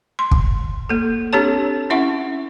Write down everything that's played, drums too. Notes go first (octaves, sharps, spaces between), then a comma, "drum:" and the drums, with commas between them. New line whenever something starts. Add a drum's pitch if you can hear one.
C6
drum: kick
A#3 A4
C4 D4 G4 A4 C#5 A5
C#4 E4 E5 F#5 C#6